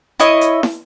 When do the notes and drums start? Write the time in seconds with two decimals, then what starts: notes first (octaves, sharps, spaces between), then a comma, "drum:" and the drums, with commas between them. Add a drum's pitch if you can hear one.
0.20 E4 C#5 D#5, drum: hi-hat
0.41 drum: hi-hat
0.63 drum: snare